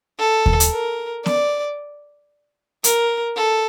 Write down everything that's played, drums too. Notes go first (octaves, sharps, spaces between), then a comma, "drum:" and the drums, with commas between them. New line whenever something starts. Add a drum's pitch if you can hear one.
A4
drum: kick D#2
drum: hi-hat
A#4
D5, drum: snare B3
A#4, drum: hi-hat
A4